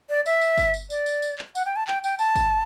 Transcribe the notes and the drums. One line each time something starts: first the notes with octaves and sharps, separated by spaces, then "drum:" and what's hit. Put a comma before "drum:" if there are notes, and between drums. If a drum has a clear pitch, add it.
D5
E5, drum: tambourine
drum: tambourine
drum: kick, tambourine
drum: tambourine
D5, drum: tambourine
drum: tambourine
drum: tambourine
drum: clap
F#5, drum: tambourine
G5
A5
G5, drum: clap
G5, drum: tambourine
A5, drum: tambourine
drum: kick, tambourine